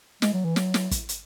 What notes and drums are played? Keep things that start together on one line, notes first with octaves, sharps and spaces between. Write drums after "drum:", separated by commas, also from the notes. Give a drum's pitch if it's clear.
G#3, drum: snare
F#3
E3
F#3, drum: snare
drum: snare
drum: kick, hi-hat
drum: hi-hat